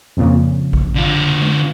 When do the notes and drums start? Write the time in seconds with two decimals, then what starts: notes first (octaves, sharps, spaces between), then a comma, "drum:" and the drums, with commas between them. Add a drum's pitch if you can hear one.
0.17 F2 A#2 C#3
0.73 drum: kick G#1
0.95 D3 F4
1.42 drum: tom G#3